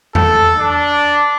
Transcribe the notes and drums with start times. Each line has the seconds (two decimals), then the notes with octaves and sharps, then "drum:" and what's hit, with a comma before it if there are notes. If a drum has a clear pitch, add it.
0.15 A4, drum: tom E2
0.58 D4